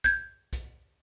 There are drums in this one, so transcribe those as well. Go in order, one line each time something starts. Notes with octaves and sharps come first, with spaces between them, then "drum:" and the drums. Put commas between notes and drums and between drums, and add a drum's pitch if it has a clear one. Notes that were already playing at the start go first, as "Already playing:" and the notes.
G6 G#6, drum: kick B1, hi-hat
drum: kick B1, hi-hat